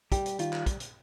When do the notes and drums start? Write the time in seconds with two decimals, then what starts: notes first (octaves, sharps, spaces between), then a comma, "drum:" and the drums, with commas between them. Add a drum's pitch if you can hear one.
0.12 G3 G4, drum: kick, hi-hat
0.26 drum: hi-hat
0.39 D#3 F4, drum: hi-hat
0.53 drum: clap
0.66 drum: kick, hi-hat
0.80 drum: hi-hat